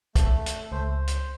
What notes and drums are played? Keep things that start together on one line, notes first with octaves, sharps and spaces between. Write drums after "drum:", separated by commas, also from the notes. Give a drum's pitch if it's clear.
A3, drum: kick, hi-hat
drum: hi-hat
C#2 A3 C5
C5
drum: hi-hat